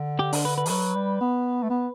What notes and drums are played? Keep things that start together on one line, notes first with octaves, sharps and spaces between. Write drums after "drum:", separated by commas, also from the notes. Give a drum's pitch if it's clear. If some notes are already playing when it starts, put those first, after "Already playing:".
Already playing: D3
G4
D4, drum: open hi-hat
B4
B4
E3, drum: open hi-hat
F#3 B4
G3
B3
A3
B3